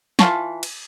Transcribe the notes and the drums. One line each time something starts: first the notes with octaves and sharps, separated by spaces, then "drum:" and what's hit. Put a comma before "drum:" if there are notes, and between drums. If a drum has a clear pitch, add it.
E3 F4 A5 C#6, drum: snare
drum: cymbal